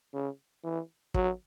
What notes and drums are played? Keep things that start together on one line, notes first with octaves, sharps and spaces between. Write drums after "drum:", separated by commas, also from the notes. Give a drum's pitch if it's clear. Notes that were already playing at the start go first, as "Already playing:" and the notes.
C#3
E3
F#3, drum: kick